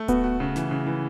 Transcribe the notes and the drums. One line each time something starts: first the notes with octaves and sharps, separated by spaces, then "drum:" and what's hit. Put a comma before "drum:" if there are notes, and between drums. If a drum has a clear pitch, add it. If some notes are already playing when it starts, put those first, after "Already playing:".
Already playing: A3
B3 F#4, drum: kick D1, hi-hat
F#4
C#3
E3, drum: snare
C#3
E3